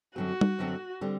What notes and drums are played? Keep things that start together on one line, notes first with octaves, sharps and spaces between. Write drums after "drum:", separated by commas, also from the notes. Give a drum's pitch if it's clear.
F#2 D3 F#3 C4 F#4
drum: tom G3
F#2 D3 F#3 C4
D3 G3 C4